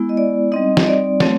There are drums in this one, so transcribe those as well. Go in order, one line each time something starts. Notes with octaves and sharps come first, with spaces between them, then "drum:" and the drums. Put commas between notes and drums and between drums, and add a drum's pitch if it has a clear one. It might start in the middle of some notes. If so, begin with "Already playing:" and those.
Already playing: G#3 B3 E4
D#5
D5
G3 C4 D#4 D#5
D#5, drum: snare
D5
F#3 A3 C4 C#5, drum: snare